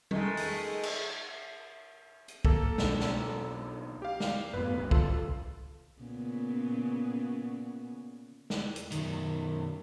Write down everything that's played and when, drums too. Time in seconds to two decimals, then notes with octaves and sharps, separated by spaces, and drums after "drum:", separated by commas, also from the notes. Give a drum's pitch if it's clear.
0.11 D#3 G#3 A3, drum: tom G3
0.37 drum: open hi-hat
0.83 drum: cymbal
2.28 drum: hi-hat
2.45 A#3 A4, drum: kick B1
2.78 B1 D4, drum: snare
3.00 drum: snare
4.02 G4 F5
4.20 drum: snare
4.53 F#2 A2 B3 B4
4.77 C#2 G2 C#3
4.91 F4 A4, drum: kick B1
6.01 A#2 C#3 B3
8.50 drum: snare
8.76 drum: hi-hat
8.92 F#2 D#3, drum: hi-hat